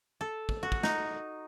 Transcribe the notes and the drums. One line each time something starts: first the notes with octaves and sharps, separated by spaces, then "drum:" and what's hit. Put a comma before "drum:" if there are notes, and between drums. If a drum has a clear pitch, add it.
A4
drum: kick
F#4
drum: kick
D#4, drum: snare